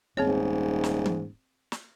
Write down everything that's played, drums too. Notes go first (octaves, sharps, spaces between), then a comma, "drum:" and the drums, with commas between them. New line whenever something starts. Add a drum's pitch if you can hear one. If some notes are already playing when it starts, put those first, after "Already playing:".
D#1 G#2 C4 G#4 C#5
drum: snare
drum: tom E3
drum: snare